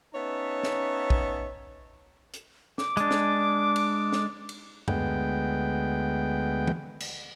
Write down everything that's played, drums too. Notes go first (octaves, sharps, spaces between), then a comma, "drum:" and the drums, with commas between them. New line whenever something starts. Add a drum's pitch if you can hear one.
B3 C#4 D#4 C#5 E5 A5
drum: snare
drum: kick
drum: hi-hat
D6, drum: snare
G#3 D4, drum: hi-hat
drum: snare
drum: cymbal
drum: snare
drum: cymbal
D2 G#3 B3 G5, drum: tom
drum: tom
drum: cymbal